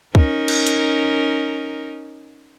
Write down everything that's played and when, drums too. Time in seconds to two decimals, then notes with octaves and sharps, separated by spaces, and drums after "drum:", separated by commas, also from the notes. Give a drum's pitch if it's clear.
0.15 C#4 D#4 A#4, drum: kick
0.48 drum: cymbal
0.67 drum: hi-hat